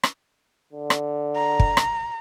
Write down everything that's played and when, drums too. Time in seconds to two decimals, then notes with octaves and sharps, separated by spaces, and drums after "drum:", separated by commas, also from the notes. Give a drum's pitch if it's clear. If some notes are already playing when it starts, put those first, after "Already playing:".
0.03 drum: rim click
0.73 D3
0.90 drum: rim click
1.35 A#5
1.60 drum: kick
1.77 drum: rim click